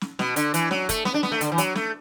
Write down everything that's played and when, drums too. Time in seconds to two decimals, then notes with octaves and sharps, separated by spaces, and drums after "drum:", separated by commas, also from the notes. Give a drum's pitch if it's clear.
0.01 drum: snare
0.19 B2, drum: snare
0.36 D3, drum: hi-hat
0.54 E3, drum: hi-hat
0.71 F#3, drum: snare
0.89 A3, drum: kick, hi-hat
1.05 B3, drum: snare
1.14 D4
1.23 B3, drum: snare
1.32 A3
1.41 D3, drum: hi-hat
1.52 E3
1.58 F#3, drum: hi-hat
1.75 A3, drum: snare